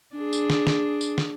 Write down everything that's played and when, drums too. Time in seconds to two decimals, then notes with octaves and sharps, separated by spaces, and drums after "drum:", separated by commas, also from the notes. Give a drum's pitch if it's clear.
0.16 D4 G#4
0.33 drum: tambourine
0.50 drum: snare
0.67 drum: snare
1.01 drum: tambourine
1.18 drum: snare